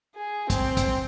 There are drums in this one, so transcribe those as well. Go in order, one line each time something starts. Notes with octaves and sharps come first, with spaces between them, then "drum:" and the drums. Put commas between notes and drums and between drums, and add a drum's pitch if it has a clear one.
G#4
C4, drum: kick, hi-hat
drum: kick, hi-hat